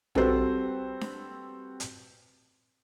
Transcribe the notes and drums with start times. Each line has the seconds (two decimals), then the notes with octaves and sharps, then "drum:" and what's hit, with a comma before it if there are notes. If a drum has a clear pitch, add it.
0.15 G3 C4 F#4 A4 B4 C5, drum: tom A#1
1.01 drum: snare D4
1.80 drum: hi-hat